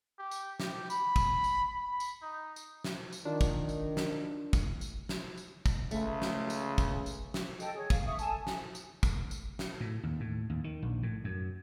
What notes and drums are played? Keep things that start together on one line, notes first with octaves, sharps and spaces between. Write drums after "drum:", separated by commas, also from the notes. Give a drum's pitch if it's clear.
G4
drum: tambourine
G4, drum: snare
B5, drum: tambourine
drum: kick, tambourine
drum: tambourine
B5
drum: tambourine
D#4
drum: tambourine
drum: snare
drum: tambourine
D#3 D4 F4
drum: kick, tambourine
drum: tambourine
drum: snare
drum: kick, tambourine
drum: tambourine
drum: snare
drum: tambourine
drum: kick, tambourine
C#2 C#3 A3, drum: tambourine
drum: snare
drum: tambourine
drum: kick, tambourine
drum: tambourine
drum: snare
A4 D#5 G5, drum: tambourine
G#4 C#5
F5, drum: kick, tambourine
E5 C#6 D#6
A4 G#5 A5, drum: tambourine
drum: snare
drum: tambourine
drum: kick, tambourine
drum: tambourine
drum: snare
A2
D#2
A2
D#2
D#3
A#1
A2
F#2